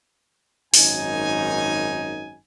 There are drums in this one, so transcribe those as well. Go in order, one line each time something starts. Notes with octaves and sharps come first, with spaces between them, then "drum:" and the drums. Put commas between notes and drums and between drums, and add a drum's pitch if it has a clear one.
G#1 F#2 D#4 G#5, drum: open hi-hat